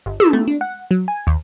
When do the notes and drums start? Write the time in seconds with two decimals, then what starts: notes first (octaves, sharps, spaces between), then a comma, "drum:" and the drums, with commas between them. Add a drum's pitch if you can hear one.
0.06 G1
0.20 E6, drum: tom
0.33 A3
0.48 D4
0.61 F#5
0.91 F#3
1.08 G#5
1.27 D#2